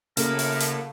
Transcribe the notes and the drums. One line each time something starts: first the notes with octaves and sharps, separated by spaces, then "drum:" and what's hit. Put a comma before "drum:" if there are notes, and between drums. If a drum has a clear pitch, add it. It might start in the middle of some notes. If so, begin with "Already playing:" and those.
F#2 A2 C#3 A#3 A4 A#4, drum: hi-hat
drum: open hi-hat
drum: hi-hat